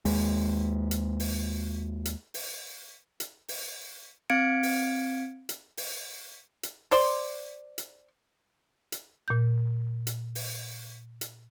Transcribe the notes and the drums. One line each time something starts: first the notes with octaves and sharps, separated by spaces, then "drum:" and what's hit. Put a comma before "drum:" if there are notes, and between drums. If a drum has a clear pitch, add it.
D#2 G#3, drum: open hi-hat
drum: hi-hat
drum: open hi-hat
drum: hi-hat
drum: open hi-hat
drum: hi-hat
drum: open hi-hat
C4 F5 G#6 C#7 D7
drum: open hi-hat
drum: hi-hat
drum: open hi-hat
drum: hi-hat
C5 D5 C6, drum: open hi-hat
drum: hi-hat
drum: hi-hat
A#2 G6
drum: hi-hat
drum: open hi-hat
drum: hi-hat